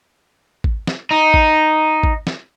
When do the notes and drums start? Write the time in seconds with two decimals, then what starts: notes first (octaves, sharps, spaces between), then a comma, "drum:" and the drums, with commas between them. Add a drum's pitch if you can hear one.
0.64 drum: kick
0.87 drum: snare
1.11 D#4
1.34 drum: kick
2.03 drum: kick
2.27 drum: snare